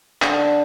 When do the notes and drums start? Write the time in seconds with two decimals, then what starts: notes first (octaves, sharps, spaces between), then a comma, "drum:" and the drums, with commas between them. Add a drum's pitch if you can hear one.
0.22 D3, drum: clap